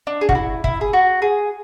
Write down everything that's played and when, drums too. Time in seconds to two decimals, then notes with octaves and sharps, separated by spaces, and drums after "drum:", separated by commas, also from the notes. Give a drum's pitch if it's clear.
0.07 D4
0.21 G#4
0.29 F#4, drum: kick
0.35 E4
0.64 E4, drum: kick
0.81 G#4
0.93 F#4
1.22 G#4